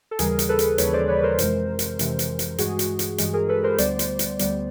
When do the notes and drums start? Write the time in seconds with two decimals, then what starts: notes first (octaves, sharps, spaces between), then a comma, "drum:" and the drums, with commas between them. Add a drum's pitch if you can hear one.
0.11 A4
0.19 D#2 C#3 E3 G3 G#4 A#4, drum: hi-hat
0.39 drum: hi-hat
0.49 A4 B4
0.59 drum: hi-hat
0.78 D#2 C#3 E3 G3 B4 C#5, drum: hi-hat
0.93 C5 D5
1.08 B4 C#5
1.19 B4
1.23 A#4 C5
1.39 F2 C3 E3 G#3, drum: hi-hat
1.79 drum: hi-hat
1.99 F2 C3 E3 G#3, drum: hi-hat
2.19 drum: hi-hat
2.39 drum: hi-hat
2.58 G2 E3 G#3 F#4 G#4, drum: hi-hat
2.79 drum: hi-hat
2.99 drum: hi-hat
3.18 G2 E3 G#3, drum: hi-hat
3.34 G#4 A#4
3.49 A4 B4
3.64 A#4 C5
3.78 D2 D3 G3 B3 C5 D5, drum: hi-hat
3.99 drum: hi-hat
4.19 drum: hi-hat
4.39 D2 D3 G3 B3, drum: hi-hat